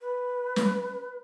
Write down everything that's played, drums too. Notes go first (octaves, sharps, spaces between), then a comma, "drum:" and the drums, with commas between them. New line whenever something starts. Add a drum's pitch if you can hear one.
B4
drum: snare